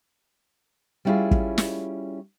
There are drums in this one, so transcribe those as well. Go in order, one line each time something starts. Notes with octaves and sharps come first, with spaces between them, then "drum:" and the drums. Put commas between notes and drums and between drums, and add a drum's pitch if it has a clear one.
G3 B3 C#4 E4 F4 G#4
drum: kick
drum: snare